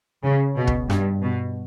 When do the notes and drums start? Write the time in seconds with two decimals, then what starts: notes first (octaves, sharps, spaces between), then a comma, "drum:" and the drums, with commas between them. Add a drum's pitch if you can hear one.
0.23 C#3
0.56 B2
0.67 drum: kick
0.90 G2, drum: rim click
1.23 B2